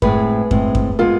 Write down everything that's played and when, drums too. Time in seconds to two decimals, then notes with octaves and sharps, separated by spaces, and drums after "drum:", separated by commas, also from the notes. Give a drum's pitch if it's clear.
0.02 A2 G#3 C4 G#4 B4, drum: kick F#2
0.51 A2 G#3 C4, drum: kick F#2
0.75 drum: kick F#2
0.99 G#3 B3 F4 A4